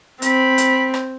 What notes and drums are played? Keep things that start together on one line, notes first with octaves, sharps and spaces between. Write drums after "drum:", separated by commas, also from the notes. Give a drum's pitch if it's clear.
C4 B5, drum: hi-hat
drum: hi-hat
drum: rim click